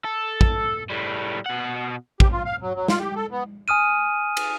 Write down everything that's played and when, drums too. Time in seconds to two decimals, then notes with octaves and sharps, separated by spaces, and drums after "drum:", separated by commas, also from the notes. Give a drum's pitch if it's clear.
0.04 A4
0.41 drum: kick
0.90 A2 G3
1.46 B2 F#5
2.20 G4, drum: kick
2.32 F4
2.45 F5
2.61 F#3
2.74 F#3
2.88 F4, drum: snare
3.00 G4
3.16 A4
3.31 B3
3.68 G#5 D#6 F6 D#7
4.37 drum: cymbal